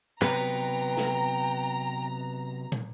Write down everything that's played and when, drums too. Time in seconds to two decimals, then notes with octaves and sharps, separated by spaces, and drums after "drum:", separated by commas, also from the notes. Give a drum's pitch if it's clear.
0.22 C3 F#3 B3 B4 G5 A#5, drum: clap
0.97 drum: snare
2.72 drum: tom